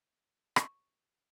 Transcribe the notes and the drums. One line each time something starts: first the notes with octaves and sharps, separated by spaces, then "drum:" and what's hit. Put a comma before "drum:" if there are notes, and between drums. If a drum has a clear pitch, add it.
C#6, drum: rim click